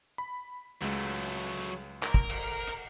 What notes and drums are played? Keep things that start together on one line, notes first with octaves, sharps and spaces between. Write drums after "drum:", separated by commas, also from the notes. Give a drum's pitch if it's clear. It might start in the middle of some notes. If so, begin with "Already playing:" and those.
B5
C#2 F#3 G#3 A3
A#4, drum: clap
drum: kick
drum: cymbal
drum: hi-hat